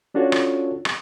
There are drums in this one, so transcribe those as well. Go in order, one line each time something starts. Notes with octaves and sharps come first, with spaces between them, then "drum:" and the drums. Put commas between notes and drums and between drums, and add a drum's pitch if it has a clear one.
C#4 D4 F4 F#4 A4 C#5
drum: rim click
drum: rim click